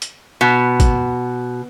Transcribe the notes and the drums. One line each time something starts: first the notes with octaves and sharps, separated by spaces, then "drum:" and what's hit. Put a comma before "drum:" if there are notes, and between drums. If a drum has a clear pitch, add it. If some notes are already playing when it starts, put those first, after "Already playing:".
drum: hi-hat
B2
drum: kick, hi-hat